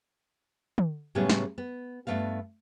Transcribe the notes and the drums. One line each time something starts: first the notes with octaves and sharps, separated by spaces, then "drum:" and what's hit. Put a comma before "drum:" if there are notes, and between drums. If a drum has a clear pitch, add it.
drum: tom
A2 C#3 F#3 G3 B3 G#4
drum: snare
B3
G2 C#3 A3 B3 F5